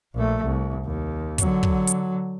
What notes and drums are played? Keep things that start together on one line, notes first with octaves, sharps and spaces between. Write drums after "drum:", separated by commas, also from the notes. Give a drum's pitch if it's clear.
A#1 A3
C2
D#2
D3 F#3, drum: kick, hi-hat
drum: kick
drum: hi-hat